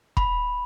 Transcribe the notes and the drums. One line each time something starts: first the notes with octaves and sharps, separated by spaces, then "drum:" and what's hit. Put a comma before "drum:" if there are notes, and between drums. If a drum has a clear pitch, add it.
B5, drum: kick